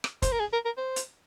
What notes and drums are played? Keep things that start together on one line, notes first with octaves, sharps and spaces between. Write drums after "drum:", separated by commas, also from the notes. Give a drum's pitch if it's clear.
drum: rim click
C5, drum: kick, hi-hat
A#4
G#4
A#4
A#4
C5
drum: hi-hat